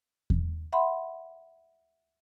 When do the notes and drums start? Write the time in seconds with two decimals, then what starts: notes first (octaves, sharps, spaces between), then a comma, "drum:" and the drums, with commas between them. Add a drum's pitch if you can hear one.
0.30 drum: kick E2
0.72 E5 F#5 B5 C6